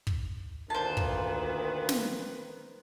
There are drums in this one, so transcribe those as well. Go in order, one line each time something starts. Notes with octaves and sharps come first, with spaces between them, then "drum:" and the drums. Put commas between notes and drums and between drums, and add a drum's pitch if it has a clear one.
drum: kick
D2 A#2 D#3 B4 C5 A5
drum: kick
drum: snare